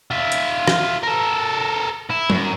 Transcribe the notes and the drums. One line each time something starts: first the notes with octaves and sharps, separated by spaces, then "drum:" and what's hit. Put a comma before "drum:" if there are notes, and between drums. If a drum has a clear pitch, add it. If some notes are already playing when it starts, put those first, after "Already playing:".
F4 E5
drum: hi-hat
drum: rim click
A4 A#4
E4
F#2, drum: tom F#3